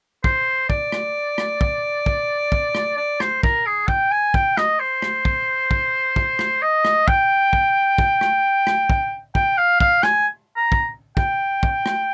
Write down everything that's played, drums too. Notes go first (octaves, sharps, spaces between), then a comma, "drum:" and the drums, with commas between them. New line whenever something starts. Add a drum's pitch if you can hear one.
C5, drum: kick
D5, drum: kick
drum: rim click
drum: rim click
drum: kick
drum: kick
drum: kick
drum: rim click
D5
C5, drum: rim click
A#4, drum: kick
G#4
G5, drum: kick
G#5
G5, drum: kick
D#5, drum: rim click
C5
drum: rim click
drum: kick
drum: kick
drum: kick
drum: rim click
D#5
drum: rim click
G5, drum: kick
drum: kick
drum: kick
drum: rim click
drum: rim click
drum: kick
G5, drum: kick
F5
F5, drum: kick
G#5, drum: rim click
A#5
drum: kick
G5, drum: kick
drum: kick
drum: rim click